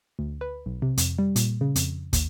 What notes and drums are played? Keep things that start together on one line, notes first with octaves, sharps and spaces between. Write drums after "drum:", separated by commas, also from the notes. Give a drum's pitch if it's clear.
D2
B4
B1
C3
F2, drum: hi-hat
G3
A#2, drum: hi-hat
C#3
F2, drum: hi-hat
D#2, drum: kick, hi-hat